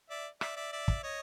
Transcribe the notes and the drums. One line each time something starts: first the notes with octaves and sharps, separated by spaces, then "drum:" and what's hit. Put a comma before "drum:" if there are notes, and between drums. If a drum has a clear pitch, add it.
D5 E5
D5 E5, drum: rim click
D5 E5
D5 E5
drum: kick
C#5 D#5